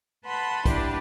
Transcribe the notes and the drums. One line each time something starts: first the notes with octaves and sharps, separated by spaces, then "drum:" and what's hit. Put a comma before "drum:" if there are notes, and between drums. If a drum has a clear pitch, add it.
B4 F#5 A5 B5 C6
D4 E4 G4 B4, drum: kick, hi-hat